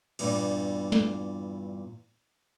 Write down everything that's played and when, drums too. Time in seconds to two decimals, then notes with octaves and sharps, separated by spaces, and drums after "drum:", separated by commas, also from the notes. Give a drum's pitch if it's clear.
0.19 E2 G2 A#2, drum: cymbal
0.92 drum: snare